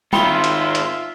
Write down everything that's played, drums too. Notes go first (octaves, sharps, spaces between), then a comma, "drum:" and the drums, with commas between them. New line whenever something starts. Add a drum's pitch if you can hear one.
G#2 D#3 F4 E5 G5 B5 C6 D#6, drum: tom G3
drum: hi-hat
drum: hi-hat